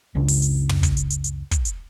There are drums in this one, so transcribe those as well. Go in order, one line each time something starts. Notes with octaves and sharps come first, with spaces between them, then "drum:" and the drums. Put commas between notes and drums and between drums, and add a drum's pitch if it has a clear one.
F#1 C#2 C#3 D4
drum: open hi-hat
drum: hi-hat
drum: tom
drum: kick, hi-hat
drum: hi-hat
drum: hi-hat
drum: hi-hat
drum: kick, hi-hat
drum: hi-hat